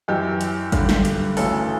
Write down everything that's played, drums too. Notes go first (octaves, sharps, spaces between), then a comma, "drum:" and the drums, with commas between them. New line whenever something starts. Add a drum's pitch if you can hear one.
F#2 E3 G4
drum: hi-hat
G2 D3, drum: kick G#1, hi-hat
drum: snare
drum: hi-hat
D2 C#3 E3 A4, drum: open hi-hat